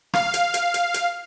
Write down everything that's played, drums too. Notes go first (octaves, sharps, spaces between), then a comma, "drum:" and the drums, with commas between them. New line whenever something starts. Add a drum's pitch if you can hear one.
F5, drum: rim click
drum: hi-hat
drum: hi-hat
drum: hi-hat
drum: hi-hat